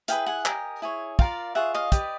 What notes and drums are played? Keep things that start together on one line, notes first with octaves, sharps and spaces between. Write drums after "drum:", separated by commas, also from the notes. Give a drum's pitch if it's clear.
E4 G#4 B4 F5 G5, drum: hi-hat
F#5 G#5
G4 A#4 D#5, drum: clap
E4 G#4 C#5
F4 A#4 D5 F5 G5, drum: kick
F4 G#4 C#5 E5 F#5
D#5 F5
G4 B4 D5, drum: kick, hi-hat